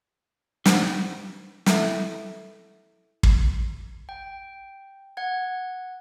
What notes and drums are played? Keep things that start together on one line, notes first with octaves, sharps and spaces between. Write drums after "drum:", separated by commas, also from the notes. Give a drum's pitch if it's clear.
G2 D#4 C5 F#5, drum: snare
E4 A4 E5 A5, drum: snare
drum: kick
G5
F#5 G#6